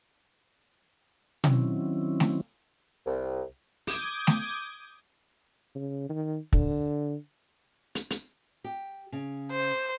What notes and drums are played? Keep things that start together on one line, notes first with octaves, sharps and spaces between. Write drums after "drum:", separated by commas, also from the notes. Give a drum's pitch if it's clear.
D#3 F#3 C4 C#4 E4, drum: tom B2
drum: snare A3
C2
D6 D#6 G6 G#6, drum: open hi-hat
drum: snare A3
C#3
D#3
D3, drum: kick
drum: hi-hat
drum: hi-hat
G4
C#3
C5